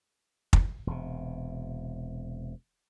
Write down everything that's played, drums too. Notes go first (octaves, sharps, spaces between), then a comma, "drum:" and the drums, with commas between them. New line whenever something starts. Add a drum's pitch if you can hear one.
drum: kick
E1 C3